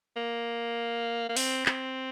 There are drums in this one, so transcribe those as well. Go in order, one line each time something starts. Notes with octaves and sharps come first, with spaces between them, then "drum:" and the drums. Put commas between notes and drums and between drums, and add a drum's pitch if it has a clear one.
A#3
A#3
C4, drum: open hi-hat
C4, drum: clap